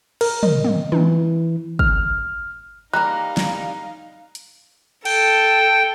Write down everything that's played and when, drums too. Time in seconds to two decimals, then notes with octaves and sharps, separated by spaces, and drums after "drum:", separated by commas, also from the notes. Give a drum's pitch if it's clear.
0.21 A#4, drum: cymbal
0.43 D#5, drum: tom
0.64 drum: tom
0.92 E3, drum: tom
1.79 F6, drum: kick
2.93 G3 A#3 D#4 A#4 F5 A#5 F#6
3.37 drum: snare
4.35 drum: hi-hat
5.05 A4 G5, drum: cymbal